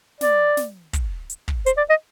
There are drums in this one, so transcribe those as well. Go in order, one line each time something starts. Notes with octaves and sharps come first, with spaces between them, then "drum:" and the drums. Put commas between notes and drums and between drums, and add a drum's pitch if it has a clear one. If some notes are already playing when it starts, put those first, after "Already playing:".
D5, drum: snare
drum: snare
drum: kick, hi-hat
drum: hi-hat
drum: kick
C5, drum: hi-hat
D5
D#5